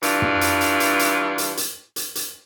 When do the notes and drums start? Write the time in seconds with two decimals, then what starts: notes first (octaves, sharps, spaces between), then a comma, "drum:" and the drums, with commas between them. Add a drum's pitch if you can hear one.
0.03 G2 E3 D4 F4, drum: hi-hat
0.22 drum: tom
0.41 drum: hi-hat
0.61 drum: hi-hat
0.80 drum: hi-hat
0.99 drum: hi-hat
1.38 drum: hi-hat
1.57 drum: hi-hat
1.96 drum: hi-hat
2.15 drum: hi-hat